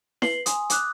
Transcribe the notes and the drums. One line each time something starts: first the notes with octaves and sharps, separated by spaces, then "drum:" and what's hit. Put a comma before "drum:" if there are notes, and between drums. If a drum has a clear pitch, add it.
B4 C7 F#7 G7, drum: snare E4
G#5 C6 D#6, drum: hi-hat
D6 D#6 F#6, drum: hi-hat